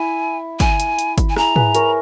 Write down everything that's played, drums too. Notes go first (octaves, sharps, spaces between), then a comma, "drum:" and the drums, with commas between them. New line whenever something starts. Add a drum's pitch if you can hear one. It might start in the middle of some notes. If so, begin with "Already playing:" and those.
Already playing: E4 G#5
G#5, drum: kick, hi-hat
drum: hi-hat
drum: hi-hat
drum: kick, hi-hat
G#5
E4 G#4 A#5, drum: rim click
G#4 B4, drum: tom G#2
A#4 C#5, drum: hi-hat